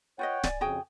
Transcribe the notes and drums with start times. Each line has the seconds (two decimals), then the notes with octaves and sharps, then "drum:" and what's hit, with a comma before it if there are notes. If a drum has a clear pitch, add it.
0.19 F4 B4 C#5 D#5 F#5 G5
0.44 D5 G#5, drum: snare D1
0.61 F2 C#3 F#4 G#4 G5